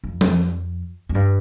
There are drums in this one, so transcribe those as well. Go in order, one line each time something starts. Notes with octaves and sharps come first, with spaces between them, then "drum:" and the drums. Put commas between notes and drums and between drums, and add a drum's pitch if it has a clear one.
F2
drum: tom F3
F2
G2